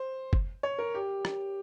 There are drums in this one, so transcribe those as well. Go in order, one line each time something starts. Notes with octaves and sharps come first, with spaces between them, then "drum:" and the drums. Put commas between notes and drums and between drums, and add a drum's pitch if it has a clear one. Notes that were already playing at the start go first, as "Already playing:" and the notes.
Already playing: C5
drum: kick F#1
C#5
A#4
G4
drum: rim click